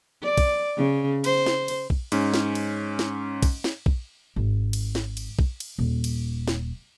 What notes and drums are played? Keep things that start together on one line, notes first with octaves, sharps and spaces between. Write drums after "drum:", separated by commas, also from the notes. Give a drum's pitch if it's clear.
D5
drum: kick, cymbal
C#3
C5, drum: cymbal
drum: snare
drum: cymbal
drum: kick
G#2 C#4, drum: cymbal
drum: snare
drum: cymbal
drum: snare
drum: kick, cymbal
drum: snare
drum: kick
G#1
drum: cymbal
drum: snare
drum: cymbal
drum: kick
drum: cymbal
D#1
drum: cymbal
drum: snare